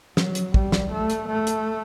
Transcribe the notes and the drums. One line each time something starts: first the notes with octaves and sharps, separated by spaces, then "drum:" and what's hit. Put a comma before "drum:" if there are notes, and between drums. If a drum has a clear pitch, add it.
F#3, drum: snare
drum: hi-hat
G3, drum: kick
drum: snare
A3
drum: hi-hat
A3
drum: hi-hat